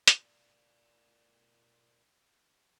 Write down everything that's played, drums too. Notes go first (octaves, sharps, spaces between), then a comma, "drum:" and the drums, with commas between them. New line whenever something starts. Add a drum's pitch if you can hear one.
A#4 D5, drum: hi-hat